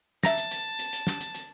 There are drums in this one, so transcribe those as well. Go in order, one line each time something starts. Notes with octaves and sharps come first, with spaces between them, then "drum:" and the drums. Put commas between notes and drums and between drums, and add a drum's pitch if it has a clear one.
E5 A5 A#5 A#6, drum: snare
drum: hi-hat
drum: hi-hat
drum: hi-hat
drum: hi-hat
drum: snare
drum: hi-hat
drum: hi-hat